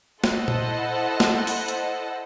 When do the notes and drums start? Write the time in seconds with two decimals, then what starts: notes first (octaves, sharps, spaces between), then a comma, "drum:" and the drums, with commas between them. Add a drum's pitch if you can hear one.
0.24 E4 A4 C5 D#5 F#5, drum: snare
0.48 drum: tom A#2
1.20 drum: snare
1.47 drum: open hi-hat
1.68 drum: hi-hat